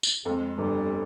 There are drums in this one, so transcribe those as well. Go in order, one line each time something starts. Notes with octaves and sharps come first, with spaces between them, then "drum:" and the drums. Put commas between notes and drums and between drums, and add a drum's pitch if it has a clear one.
drum: tambourine
F2 G#3
G1 G3